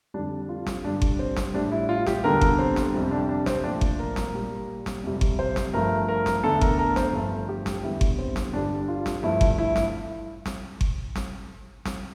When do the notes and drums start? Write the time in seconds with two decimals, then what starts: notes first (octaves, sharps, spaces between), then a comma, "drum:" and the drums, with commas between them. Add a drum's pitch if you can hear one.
0.14 F2 D3 G3 D4
0.49 F4
0.67 drum: snare
0.84 G2 D3 G3 D4
1.02 drum: kick G1
1.19 C4
1.37 drum: snare
1.54 A2 G3 D4
1.72 E4
1.89 F4
2.07 G4, drum: snare
2.24 E2 D3 G3 A#4
2.41 drum: kick G1
2.59 C4
2.76 drum: snare
2.94 F2 C3 G3
3.11 D4
3.29 D4
3.46 C4, drum: snare
3.64 A#2 F3 A3 D4
3.81 drum: kick G1
3.99 A#4
4.16 drum: snare
4.33 A#2 G3
4.86 drum: snare
5.03 F2 C3 G3
5.21 drum: kick G1
5.39 C5
5.56 drum: snare
5.73 G2 F3 A3 A#4
6.08 A#4
6.26 drum: snare
6.44 E2 D3 A3 A4
6.61 A#4, drum: kick G1
6.78 A#4
6.96 C5, drum: snare
7.13 G2 F3 A3 A4
7.49 G4
7.66 drum: snare
7.83 E2 D3 G3 E4
8.01 drum: kick G1
8.19 C4
8.36 drum: snare
8.53 G2 D3 G3 D4
8.88 F4
9.06 drum: snare
9.23 G2 F3 A3 E4
9.41 drum: kick G1
9.58 E4
9.76 drum: snare
10.46 drum: snare
10.81 drum: kick G1
11.16 drum: snare
11.86 drum: snare